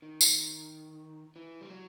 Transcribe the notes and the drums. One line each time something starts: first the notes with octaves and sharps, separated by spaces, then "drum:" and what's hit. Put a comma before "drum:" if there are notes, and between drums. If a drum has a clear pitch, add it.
D#3
drum: tambourine
E3
G3
F#3